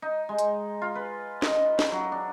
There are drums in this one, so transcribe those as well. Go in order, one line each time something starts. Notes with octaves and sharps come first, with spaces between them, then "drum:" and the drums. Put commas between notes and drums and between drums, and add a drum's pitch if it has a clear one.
D#4
G#3
drum: hi-hat
F4
B4
D#5, drum: snare
drum: snare
F#3
D4